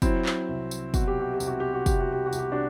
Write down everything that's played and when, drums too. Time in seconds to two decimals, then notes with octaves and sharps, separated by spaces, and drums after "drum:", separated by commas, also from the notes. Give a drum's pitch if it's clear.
0.02 F#3 C4 E4, drum: kick, tambourine
0.25 drum: clap
0.49 C2
0.71 drum: tambourine
0.94 B2 F#4, drum: kick, tambourine
1.07 G4
1.20 F#4
1.34 G4
1.40 C2, drum: tambourine
1.47 F#4
1.60 G4
1.73 F#4
1.86 C2 G4, drum: kick, tambourine
2.00 F#4
2.13 G4
2.26 F#4
2.33 C2, drum: tambourine
2.38 G4
2.52 D4 F#4